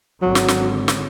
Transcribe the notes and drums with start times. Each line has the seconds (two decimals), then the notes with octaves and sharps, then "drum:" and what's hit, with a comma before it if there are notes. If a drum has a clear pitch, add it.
0.22 G#1 G#2 D3 F#3
0.35 drum: snare
0.48 drum: snare
0.88 drum: snare